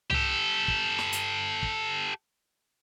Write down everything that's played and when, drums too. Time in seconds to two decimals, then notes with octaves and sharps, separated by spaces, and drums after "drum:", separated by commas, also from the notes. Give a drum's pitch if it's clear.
0.10 G4 A4, drum: tom C2
0.68 drum: kick
0.98 drum: snare
1.12 drum: hi-hat
1.63 drum: kick